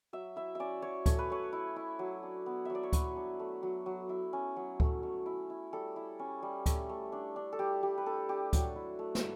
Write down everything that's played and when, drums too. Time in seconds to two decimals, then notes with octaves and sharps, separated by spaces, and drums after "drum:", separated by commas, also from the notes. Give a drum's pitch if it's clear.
0.13 F#3 E5
0.36 E4 E5
0.55 C#4 D5 E5
0.82 F#3 C#5
1.06 A3 C#5, drum: kick D2, hi-hat
1.19 B4
1.30 A3 C#5
1.53 E4
1.76 E4
1.99 F#3
2.23 D4
2.46 B3
2.65 F#3 E5
2.75 D5
2.83 C#5
2.93 F#3 B4, drum: kick D2, hi-hat
3.16 D4
3.39 A3
3.63 F#3
3.86 F#3
4.09 E4
4.33 C#4
4.56 F#3
4.80 A3, drum: kick D2
5.03 A3
5.26 E4
5.50 E4
5.73 G3 A4
5.96 E4
6.19 C#4
6.43 G3
6.66 A3, drum: kick D2, hi-hat
6.89 A3
7.12 D4
7.36 D4
7.53 A4
7.59 G3 G4
7.83 G3 G4
7.98 B4
8.06 D4 A4
8.29 D4 G4
8.53 F#3, drum: kick D2, hi-hat
8.76 E4
8.99 A3
9.15 drum: snare